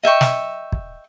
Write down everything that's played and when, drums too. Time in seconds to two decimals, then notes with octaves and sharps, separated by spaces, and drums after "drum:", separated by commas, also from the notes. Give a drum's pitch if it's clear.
0.03 D#5 E5 G5 C#6
0.21 drum: snare
0.72 drum: kick